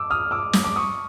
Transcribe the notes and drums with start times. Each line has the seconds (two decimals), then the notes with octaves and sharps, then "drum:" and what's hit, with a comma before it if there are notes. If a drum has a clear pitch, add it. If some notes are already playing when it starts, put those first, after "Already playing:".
Already playing: D6 E6
0.10 D#6 F6
0.31 D6 E6
0.53 D#6, drum: snare
0.64 D6
0.76 C#6 D#6